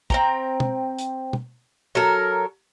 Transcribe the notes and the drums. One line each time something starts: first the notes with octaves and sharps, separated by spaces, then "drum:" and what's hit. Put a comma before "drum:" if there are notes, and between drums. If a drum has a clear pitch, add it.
C4 G5 A#5, drum: kick
drum: tom B2
drum: hi-hat
drum: tom
F#3 A4 A#4